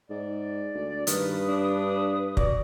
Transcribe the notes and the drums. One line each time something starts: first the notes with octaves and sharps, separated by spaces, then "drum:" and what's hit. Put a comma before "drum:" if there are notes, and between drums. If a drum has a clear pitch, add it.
G#2 D5
D2
G2 D#3 B4 D#6, drum: hi-hat
D4
F#4 D5, drum: kick